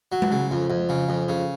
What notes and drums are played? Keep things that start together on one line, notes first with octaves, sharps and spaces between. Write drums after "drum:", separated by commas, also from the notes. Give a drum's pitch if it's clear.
F#3
drum: tom G#3
C#3
F2
F2
C#3
F2
C#3